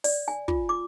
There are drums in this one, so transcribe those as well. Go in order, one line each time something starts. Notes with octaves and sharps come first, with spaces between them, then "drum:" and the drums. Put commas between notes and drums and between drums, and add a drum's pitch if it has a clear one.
D5, drum: open hi-hat
G#5
F4, drum: kick
D6